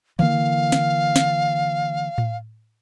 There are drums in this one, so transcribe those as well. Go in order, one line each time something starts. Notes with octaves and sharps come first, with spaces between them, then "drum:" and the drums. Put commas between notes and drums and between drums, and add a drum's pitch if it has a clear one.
D3 E3 A#3 F5, drum: tom D#3
drum: snare
drum: snare
drum: tom A2